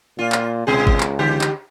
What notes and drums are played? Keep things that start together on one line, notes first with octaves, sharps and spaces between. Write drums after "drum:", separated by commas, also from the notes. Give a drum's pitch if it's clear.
A#2 F4
drum: clap
C#2 B2 G#4
drum: kick G1
drum: clap
D3 G4
drum: clap